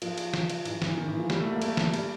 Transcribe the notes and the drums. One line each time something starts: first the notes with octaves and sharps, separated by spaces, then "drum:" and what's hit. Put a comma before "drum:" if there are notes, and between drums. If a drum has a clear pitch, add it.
F3, drum: cymbal
drum: cymbal
drum: snare
drum: cymbal
E3, drum: cymbal
E3, drum: snare
D#3
E3
F3
G3, drum: snare
A3
A#3
A3, drum: cymbal
drum: snare
G3, drum: cymbal